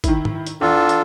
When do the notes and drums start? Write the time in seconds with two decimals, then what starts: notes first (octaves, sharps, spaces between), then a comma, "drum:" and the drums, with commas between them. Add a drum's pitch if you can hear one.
0.04 D#3 E4, drum: kick, hi-hat
0.25 drum: tom G#2
0.46 drum: hi-hat
0.61 E2 D4 F4 A4
0.89 drum: hi-hat